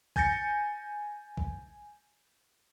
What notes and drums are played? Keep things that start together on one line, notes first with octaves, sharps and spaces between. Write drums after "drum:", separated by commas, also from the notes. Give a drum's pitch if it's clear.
G#5 G6 A6 A#6 C#7, drum: kick
drum: kick